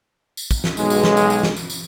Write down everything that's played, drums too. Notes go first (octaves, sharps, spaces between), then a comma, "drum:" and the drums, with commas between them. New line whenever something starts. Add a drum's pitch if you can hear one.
drum: tambourine
drum: kick, tambourine
drum: snare
B1 G#3, drum: tambourine
drum: tambourine
drum: snare
drum: tambourine
drum: tambourine
drum: snare
drum: tambourine
drum: tambourine